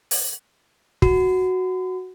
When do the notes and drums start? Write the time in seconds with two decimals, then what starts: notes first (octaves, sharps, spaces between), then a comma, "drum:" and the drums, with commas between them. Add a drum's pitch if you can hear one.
0.11 drum: open hi-hat
1.02 F#4, drum: kick